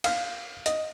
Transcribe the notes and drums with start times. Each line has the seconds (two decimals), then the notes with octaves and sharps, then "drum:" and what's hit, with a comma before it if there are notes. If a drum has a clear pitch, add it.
0.04 F5 F6, drum: cymbal
0.66 D#5, drum: hi-hat